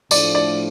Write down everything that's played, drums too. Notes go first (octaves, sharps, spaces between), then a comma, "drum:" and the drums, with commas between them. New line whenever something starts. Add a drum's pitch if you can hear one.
A2 F3 A3 D4 D5, drum: tambourine
D5